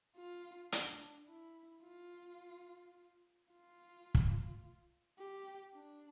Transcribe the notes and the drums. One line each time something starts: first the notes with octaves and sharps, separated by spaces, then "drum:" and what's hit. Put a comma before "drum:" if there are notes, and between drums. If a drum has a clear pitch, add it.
F4
D4, drum: hi-hat
E4
F4
F4
drum: kick
G4
D4